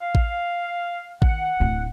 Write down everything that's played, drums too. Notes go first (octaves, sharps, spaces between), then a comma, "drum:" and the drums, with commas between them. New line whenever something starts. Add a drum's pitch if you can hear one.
F5
drum: kick A1
D#3 F#5, drum: kick A1
D1 E4